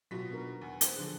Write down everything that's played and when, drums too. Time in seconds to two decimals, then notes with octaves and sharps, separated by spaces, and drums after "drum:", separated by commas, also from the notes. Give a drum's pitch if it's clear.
0.11 B2 F#3 F4 G4 B6
0.30 B3 D4 A#4
0.61 E2
0.81 B4 C5, drum: hi-hat
0.96 D3 F3 G#4 F#6